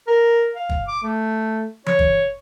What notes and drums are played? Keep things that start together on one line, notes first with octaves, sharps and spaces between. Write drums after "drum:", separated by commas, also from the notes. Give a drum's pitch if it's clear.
A#4
F5
drum: kick
D6
A3
C#5, drum: tom E3
drum: kick